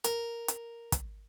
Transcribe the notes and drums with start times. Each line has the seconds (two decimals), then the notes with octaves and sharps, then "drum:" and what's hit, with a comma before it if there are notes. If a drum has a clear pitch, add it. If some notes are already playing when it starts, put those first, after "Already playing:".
0.04 A#4, drum: hi-hat
0.48 drum: hi-hat
0.92 drum: kick, hi-hat